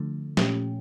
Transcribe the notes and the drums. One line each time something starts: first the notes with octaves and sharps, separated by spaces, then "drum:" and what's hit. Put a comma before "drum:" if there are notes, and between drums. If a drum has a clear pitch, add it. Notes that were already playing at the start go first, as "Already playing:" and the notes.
Already playing: D3 F3 A3
A#2 F3 A3 C#4 G4, drum: snare